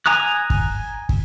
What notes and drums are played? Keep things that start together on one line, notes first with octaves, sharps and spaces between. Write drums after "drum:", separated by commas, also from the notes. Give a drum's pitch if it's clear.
G#5 A#5 D#6 F#6
drum: kick
drum: kick